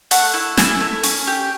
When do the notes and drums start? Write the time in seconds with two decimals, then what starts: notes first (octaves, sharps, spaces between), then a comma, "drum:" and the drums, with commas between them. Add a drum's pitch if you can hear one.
0.11 A3 F#5, drum: open hi-hat
0.34 E4
0.57 E4 G#5, drum: snare
0.81 A3
1.03 C#4, drum: open hi-hat
1.27 G4